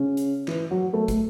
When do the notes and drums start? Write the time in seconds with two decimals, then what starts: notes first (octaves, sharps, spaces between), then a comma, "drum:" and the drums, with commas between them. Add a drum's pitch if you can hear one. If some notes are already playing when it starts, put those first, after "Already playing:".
Already playing: C#3 C#4
0.17 drum: hi-hat
0.48 E3 E4, drum: clap
0.70 F#3 F#4
0.93 A3 A4
1.08 A3 A4, drum: kick, hi-hat